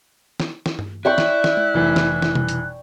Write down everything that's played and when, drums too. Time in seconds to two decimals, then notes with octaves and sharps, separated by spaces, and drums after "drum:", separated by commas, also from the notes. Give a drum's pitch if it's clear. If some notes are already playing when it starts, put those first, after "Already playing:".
0.40 drum: snare
0.66 drum: snare
0.79 drum: tom G2
1.05 E4 D5 G5 C#6 F#6
1.18 drum: snare
1.44 drum: snare
1.57 drum: tom G#3
1.74 F1 E3
1.96 drum: snare
2.22 drum: snare
2.35 drum: tom B2
2.48 drum: hi-hat